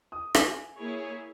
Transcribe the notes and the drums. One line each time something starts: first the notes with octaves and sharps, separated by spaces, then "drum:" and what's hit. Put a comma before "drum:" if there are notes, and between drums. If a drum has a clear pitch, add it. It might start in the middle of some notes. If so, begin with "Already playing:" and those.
D#6
G#5, drum: rim click
A#3 E4 G#4 C#5